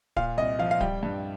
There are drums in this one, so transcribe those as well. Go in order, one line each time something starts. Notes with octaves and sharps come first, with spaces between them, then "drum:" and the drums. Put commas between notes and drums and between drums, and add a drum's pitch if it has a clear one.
A#2 F5, drum: kick D1
C2 D#5
F3 F5
F5
G3 G5, drum: kick D1
G2